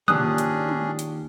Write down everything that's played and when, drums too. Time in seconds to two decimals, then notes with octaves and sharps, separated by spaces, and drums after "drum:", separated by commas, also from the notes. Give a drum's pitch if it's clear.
0.08 D#2 A#2 C#4 D4 G#4 D#6 F#6, drum: tom
0.38 drum: hi-hat
0.69 drum: tom
0.99 drum: hi-hat